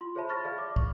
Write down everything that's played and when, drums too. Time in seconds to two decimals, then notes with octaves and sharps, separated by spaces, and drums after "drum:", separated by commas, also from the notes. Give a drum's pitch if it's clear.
0.01 F4 C6
0.15 G#4 C5 C#5 E5 A5 B5
0.29 B5 C#6 F6 A6 A#6
0.44 G#4 D5 F5
0.58 D6
0.76 C#6, drum: kick